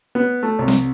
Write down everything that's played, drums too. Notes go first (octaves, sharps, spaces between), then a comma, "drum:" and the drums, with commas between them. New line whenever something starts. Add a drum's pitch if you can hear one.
B3
A3
C2
drum: snare